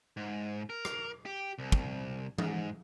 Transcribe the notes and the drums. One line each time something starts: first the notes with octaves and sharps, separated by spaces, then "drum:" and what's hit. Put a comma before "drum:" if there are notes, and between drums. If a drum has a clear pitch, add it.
G#2
A#4
drum: rim click
G4
C2
drum: kick
G#2, drum: tom E3